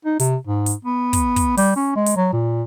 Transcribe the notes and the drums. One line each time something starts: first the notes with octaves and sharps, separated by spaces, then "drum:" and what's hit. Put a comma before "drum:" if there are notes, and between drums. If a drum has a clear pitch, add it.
D#4
C3, drum: hi-hat
G#2
drum: hi-hat
B3
drum: kick, hi-hat
drum: kick, hi-hat
G3, drum: open hi-hat
C#4
G#3
drum: hi-hat
F#3
A#2